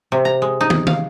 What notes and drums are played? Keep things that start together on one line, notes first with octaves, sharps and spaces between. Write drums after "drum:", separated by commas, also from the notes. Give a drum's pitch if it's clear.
C3
A#5
G#3
D#4
drum: tom
F5, drum: tom